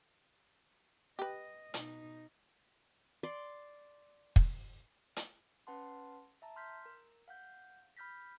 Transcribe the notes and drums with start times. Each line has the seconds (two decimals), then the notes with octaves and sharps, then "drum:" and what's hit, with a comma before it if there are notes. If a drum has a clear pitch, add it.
1.19 G4 B4 D#5
1.74 B2 D#4, drum: hi-hat
3.23 D5 C6
4.36 drum: kick
5.16 drum: hi-hat
5.67 C#4 B4 F#5 A5 C6
6.42 E5 A5 A#5
6.56 C6 F6 G6 B6
6.86 A#4
7.28 F5 F#5 G6
7.97 B5 F6 G6 A#6 B6